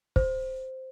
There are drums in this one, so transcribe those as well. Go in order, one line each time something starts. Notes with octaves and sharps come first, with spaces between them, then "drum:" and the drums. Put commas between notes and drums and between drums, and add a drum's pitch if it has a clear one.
C5, drum: kick